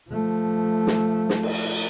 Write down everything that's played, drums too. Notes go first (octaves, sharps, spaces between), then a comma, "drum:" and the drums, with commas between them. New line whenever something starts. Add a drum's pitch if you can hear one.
F3 A3
drum: snare
drum: snare
drum: cymbal